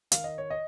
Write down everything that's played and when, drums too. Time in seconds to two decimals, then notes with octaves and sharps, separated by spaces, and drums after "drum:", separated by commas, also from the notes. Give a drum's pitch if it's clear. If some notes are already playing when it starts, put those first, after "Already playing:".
0.12 D#3 F5, drum: hi-hat
0.24 D#5
0.38 C#5
0.50 D#5